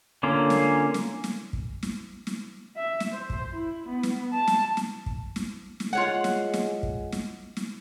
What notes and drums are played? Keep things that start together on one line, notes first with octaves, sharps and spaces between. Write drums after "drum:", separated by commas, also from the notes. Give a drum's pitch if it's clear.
D3 A#3 C#4 F4
drum: snare
drum: snare
drum: snare
drum: kick
drum: snare
drum: snare
E5
drum: snare
C5
drum: kick
E4
B3
drum: snare
A5
drum: snare
drum: snare
drum: kick
drum: snare
drum: snare
G#3 F4 C#5 F#5
drum: snare
drum: snare
drum: kick
drum: snare
drum: snare